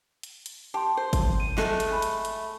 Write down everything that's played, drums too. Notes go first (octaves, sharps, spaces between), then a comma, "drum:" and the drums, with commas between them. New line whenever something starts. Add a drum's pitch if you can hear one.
drum: hi-hat
drum: hi-hat
G4 A5 C6
C5
drum: kick G1, hi-hat
D#7
G#3 A3 A4 F#6, drum: snare
drum: hi-hat
G#5 B5
drum: hi-hat
drum: hi-hat